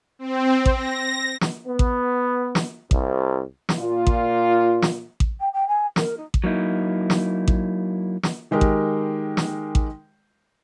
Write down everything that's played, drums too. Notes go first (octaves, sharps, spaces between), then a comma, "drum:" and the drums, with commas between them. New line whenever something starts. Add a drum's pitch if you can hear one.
C4
drum: kick A1
A#6
drum: snare
B3
drum: kick A1
drum: snare
C2, drum: kick A1
drum: snare
A#2 F4
drum: kick A1
drum: snare
drum: kick A1
G5
G5
G#5
A#4, drum: snare
D#4
drum: kick A1
F#3 A#3 D#4 E4
drum: snare
drum: kick A1
drum: snare
D#3 G#3 G4 A#4
drum: kick A1
drum: snare
drum: kick A1